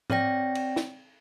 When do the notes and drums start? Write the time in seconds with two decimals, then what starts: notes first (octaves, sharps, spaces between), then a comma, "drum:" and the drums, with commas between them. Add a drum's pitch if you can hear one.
0.10 C4 C#5 D5 G5 A#6, drum: tom G#2
0.55 drum: cymbal
0.76 drum: snare